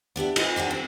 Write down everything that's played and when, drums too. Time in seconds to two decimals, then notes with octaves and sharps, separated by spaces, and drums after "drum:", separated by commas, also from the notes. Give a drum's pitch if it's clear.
0.16 B3 D4 G4 E5
0.36 F4 B4 D#5, drum: cymbal
0.56 D4 F#4 G4 C5
0.71 C4